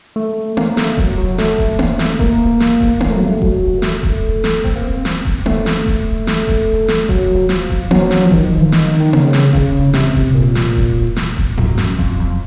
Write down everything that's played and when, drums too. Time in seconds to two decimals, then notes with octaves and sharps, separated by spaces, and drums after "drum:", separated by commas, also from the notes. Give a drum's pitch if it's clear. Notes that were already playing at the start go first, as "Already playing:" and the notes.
0.16 A3
0.57 A#3, drum: tom A#3
0.77 A3, drum: snare
0.97 F#3, drum: kick D#1
1.18 F#3
1.38 A3, drum: snare
1.58 drum: kick D#1
1.79 drum: tom A#3
1.99 drum: snare
2.19 A#3, drum: kick D#1
2.60 drum: snare
2.81 drum: kick D#1
3.00 A#3, drum: tom A#3
3.09 A3
3.16 F#3
3.25 A3
3.42 F#3, drum: kick D#1
3.78 A#3
3.82 A3, drum: snare
4.03 drum: kick D#1
4.44 drum: snare
4.64 C4, drum: kick D#1
4.75 A#3
4.88 C4
5.05 drum: snare
5.25 drum: kick D#1
5.46 A3, drum: tom A#3
5.66 drum: snare
5.86 drum: kick D#1
6.27 drum: snare
6.48 drum: kick D#1
6.88 drum: snare
7.09 F#3, drum: kick D#1
7.49 F3, drum: snare
7.70 drum: kick D#1
7.91 F#3, drum: tom A#3
8.11 drum: snare
8.24 F3
8.32 D#3, drum: kick D#1
8.61 F3
8.72 D#3, drum: snare
9.00 D#3
9.13 C#3, drum: tom A#3
9.33 drum: snare
9.53 C#3, drum: kick D#1
9.94 C3, drum: snare
10.15 drum: kick D#1
10.34 A#2
10.55 drum: snare
10.76 drum: kick D#1
11.16 drum: snare
11.37 drum: kick D#1
11.58 F#2, drum: tom G#2
11.78 drum: snare
11.99 F2, drum: kick D#1
12.20 F2